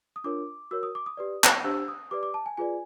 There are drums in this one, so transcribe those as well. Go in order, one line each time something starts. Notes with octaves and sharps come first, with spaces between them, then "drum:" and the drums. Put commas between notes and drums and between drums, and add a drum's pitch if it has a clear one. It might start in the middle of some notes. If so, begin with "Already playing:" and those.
D#6
D4 F4 A#4 C#5 D6
F#4 A#4 C#5 E6
D#6
D6
D#6
G4 B4 D5
drum: clap
D4 G4 C5 E6
D#6
G4 B4 D5 D6
D6
A5
G#5
F4 G#4 B4 D5 G#5